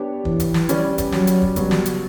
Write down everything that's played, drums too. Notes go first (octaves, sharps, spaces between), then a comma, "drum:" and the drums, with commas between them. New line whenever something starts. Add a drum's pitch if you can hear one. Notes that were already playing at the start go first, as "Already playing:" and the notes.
Already playing: B3 D4 G4 C#5
E3, drum: kick
drum: kick, hi-hat
drum: snare
G3 C#4 G4 B4 D5, drum: hi-hat
drum: kick, hi-hat
F#3, drum: snare
drum: hi-hat
drum: kick
C#3 F#3 G3 B3 F#4, drum: kick, hi-hat
drum: snare
drum: hi-hat